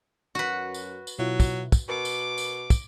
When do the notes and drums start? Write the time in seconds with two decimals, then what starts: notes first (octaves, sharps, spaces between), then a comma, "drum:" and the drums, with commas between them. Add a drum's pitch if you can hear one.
0.35 F#2 F#4 B4
0.74 drum: tambourine
1.07 drum: tambourine
1.19 B2 F#3 E4 F4
1.40 drum: kick, tambourine
1.72 drum: kick, tambourine
1.89 B2 A#4 D6
2.05 drum: tambourine
2.38 drum: tambourine
2.70 drum: kick, tambourine